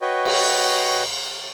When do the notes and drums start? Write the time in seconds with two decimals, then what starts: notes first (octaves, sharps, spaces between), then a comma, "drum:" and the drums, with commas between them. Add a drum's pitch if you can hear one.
0.02 F#4 B4 C#5 D#5 G5
0.25 drum: cymbal